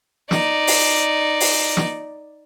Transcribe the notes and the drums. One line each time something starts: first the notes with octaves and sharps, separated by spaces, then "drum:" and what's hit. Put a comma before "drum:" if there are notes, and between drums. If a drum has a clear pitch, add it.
D#4 D5, drum: snare
drum: open hi-hat
drum: open hi-hat
drum: snare